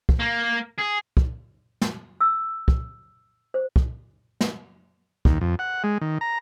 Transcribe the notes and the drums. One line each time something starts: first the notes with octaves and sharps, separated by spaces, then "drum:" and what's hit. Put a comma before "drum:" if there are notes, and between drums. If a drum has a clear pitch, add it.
drum: kick
A#3
G#4
drum: kick
drum: snare
E6
drum: kick
C5
drum: kick
drum: snare
D#2, drum: kick
F2
F#5
G#3
D#3
A#5